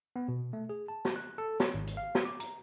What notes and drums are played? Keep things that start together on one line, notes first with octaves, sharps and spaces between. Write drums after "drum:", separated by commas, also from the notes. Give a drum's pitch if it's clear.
B3
B2
A3
G#4
A5
drum: snare
F#6
A4
C#5, drum: snare
G#1
drum: hi-hat
F5
drum: snare
D6
A#5, drum: hi-hat